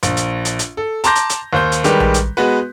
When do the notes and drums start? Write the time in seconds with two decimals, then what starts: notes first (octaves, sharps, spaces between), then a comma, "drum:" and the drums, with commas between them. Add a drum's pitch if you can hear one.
0.03 A#1, drum: hi-hat
0.17 drum: hi-hat
0.45 drum: hi-hat
0.59 drum: hi-hat
0.77 A4
1.04 A5 A#5 C6 D6 G6 A#6, drum: hi-hat
1.15 drum: hi-hat
1.30 drum: hi-hat
1.53 D#2 C5 G6
1.72 drum: hi-hat
1.84 D#3 G3 G#3 G4 B4, drum: hi-hat
2.00 drum: tom A#1
2.14 drum: hi-hat
2.37 G#3 B3 F#4 B4